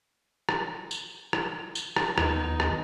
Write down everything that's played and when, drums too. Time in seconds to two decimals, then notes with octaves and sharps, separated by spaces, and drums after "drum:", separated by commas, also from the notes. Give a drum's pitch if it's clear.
0.49 drum: rim click
0.91 drum: tambourine
1.33 drum: rim click
1.75 drum: tambourine
1.96 drum: rim click
2.18 D#2 B3 D#4, drum: rim click
2.60 drum: rim click